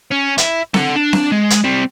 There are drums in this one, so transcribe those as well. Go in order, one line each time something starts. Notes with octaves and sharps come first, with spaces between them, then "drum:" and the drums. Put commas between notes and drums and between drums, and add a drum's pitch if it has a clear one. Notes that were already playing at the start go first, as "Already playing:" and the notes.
C#4
E4, drum: hi-hat
A4 F#5, drum: snare C4
D4
drum: snare C4
G#3
drum: hi-hat
G3 C4